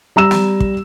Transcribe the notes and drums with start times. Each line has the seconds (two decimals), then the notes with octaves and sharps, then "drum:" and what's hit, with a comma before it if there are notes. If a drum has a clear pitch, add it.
0.16 G3 A#5 E6 E7
0.31 drum: snare
0.60 drum: kick